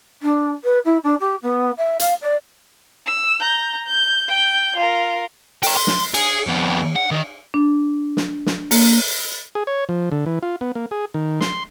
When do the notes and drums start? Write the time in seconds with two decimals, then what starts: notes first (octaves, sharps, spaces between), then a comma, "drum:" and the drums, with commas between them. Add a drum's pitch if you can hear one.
0.22 D4
0.64 B4
0.85 E4
1.03 D4
1.20 G4
1.42 B3
1.77 E5
1.99 F5, drum: hi-hat
2.21 D5
3.06 E6
3.40 A#5 G6
3.86 G6
4.28 G5 G6
4.76 F4 A#4
5.63 G5 A#5, drum: open hi-hat
5.77 C6
5.87 drum: snare
6.14 G#4, drum: cymbal
6.47 F2 B3
6.96 F#5
7.11 D#3
7.54 D4
8.17 drum: snare
8.46 drum: snare
8.71 A#3, drum: open hi-hat
9.55 G#4
9.67 C#5
9.89 F3
10.12 D3
10.26 E3
10.43 F4
10.61 B3
10.75 A#3
10.91 G#4
11.14 D#3
11.41 C6, drum: snare